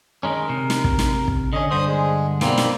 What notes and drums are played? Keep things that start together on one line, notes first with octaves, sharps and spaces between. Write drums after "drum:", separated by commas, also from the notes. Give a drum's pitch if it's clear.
D#3 G#3 C#4 A#4
C3
drum: snare
drum: kick
drum: snare
drum: kick
D3 C#4 D#5
G2 D3 C5 D#6
G#3
B2 G3 A#3 C4, drum: snare
drum: snare